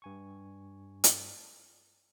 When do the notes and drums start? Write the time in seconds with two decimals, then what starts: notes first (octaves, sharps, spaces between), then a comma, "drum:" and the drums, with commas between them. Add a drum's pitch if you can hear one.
0.02 G2 G#5 C#6
1.04 drum: hi-hat